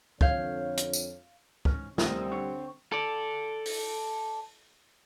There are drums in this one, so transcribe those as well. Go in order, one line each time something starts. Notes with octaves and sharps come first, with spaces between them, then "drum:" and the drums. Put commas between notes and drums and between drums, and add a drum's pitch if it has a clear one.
F2 D3 C#5 F5 G6 G#6, drum: kick
drum: hi-hat
drum: tambourine
G#2 C#4, drum: kick
D2 G3 C4 A#4 D#5 D#6, drum: snare
D3 C#5
A4 D5
drum: open hi-hat